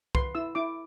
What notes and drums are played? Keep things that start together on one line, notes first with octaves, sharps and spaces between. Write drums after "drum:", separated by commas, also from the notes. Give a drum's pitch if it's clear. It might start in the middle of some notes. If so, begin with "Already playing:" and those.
B4 C6, drum: kick C2
E4 E6
E4 D6